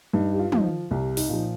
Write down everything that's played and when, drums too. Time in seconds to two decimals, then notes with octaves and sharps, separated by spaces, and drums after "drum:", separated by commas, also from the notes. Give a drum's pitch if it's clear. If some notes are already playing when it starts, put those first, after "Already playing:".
0.13 G2 D#4
0.33 G4
0.39 F4
0.52 F3, drum: tom
0.57 D#4
0.65 F4
0.91 C2 G4
1.17 D#4, drum: open hi-hat
1.29 A#2 F3